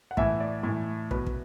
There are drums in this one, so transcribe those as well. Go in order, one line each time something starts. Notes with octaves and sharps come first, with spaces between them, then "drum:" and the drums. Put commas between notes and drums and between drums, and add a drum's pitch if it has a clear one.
F#5
A2 E3 E5, drum: kick
D5
A2
E3
B2 B4, drum: kick
drum: kick